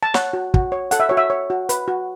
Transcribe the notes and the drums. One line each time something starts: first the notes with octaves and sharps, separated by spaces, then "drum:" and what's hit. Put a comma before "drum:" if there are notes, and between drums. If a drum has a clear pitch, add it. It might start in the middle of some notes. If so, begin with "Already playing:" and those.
A5
C#5 F#5, drum: snare
F#4
F#4, drum: kick
C#5
A4 F#5, drum: hi-hat
E5
F#4 C#5
E5
C#5
F#4
B4, drum: hi-hat
F#4